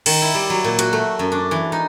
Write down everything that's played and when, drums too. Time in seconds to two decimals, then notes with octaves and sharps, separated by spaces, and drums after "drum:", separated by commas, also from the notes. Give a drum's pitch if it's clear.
0.06 D#3, drum: cymbal
0.22 E4
0.35 G3
0.50 F#3
0.64 A#2
0.79 F#4, drum: hi-hat
0.93 A3
1.19 F#2
1.32 D4
1.51 E3
1.72 D#4